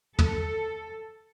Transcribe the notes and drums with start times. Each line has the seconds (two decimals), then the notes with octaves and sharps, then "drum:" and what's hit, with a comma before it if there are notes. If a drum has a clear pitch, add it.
0.19 A4, drum: tom